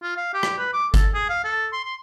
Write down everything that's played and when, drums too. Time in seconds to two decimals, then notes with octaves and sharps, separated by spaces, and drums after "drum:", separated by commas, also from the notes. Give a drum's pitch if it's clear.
0.03 F4
0.17 F5
0.34 G4
0.43 drum: rim click
0.59 B4
0.73 D6
0.94 A4, drum: kick G1, hi-hat
1.14 G#4
1.29 F5
1.44 A4
1.73 C6
1.85 C6